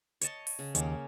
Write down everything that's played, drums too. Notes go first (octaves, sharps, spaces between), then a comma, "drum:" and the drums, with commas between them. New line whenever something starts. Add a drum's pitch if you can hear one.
C#5 D#5 A5, drum: hi-hat
drum: open hi-hat
C#3
D#2 A#3 C#4, drum: hi-hat